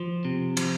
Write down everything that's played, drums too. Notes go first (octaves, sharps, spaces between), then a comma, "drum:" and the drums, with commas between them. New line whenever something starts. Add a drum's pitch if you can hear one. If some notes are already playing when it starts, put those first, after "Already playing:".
Already playing: F3
C3
F3, drum: cymbal